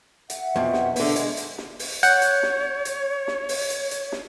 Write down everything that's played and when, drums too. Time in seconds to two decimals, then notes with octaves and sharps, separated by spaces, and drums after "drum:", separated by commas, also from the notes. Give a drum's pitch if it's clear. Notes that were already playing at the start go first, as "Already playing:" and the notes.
0.30 E5 F#5, drum: hi-hat
0.56 F2 B2
0.73 drum: snare
0.96 D3 B3 G#4 D5 E5, drum: open hi-hat
1.16 G#3 D#5, drum: hi-hat
1.37 drum: hi-hat
1.58 drum: snare
1.79 drum: open hi-hat
2.03 C#5 F#5 G6, drum: hi-hat
2.22 drum: hi-hat
2.43 drum: snare
2.85 drum: hi-hat
3.28 drum: snare
3.49 drum: open hi-hat
3.70 drum: hi-hat
3.91 drum: hi-hat
4.12 drum: snare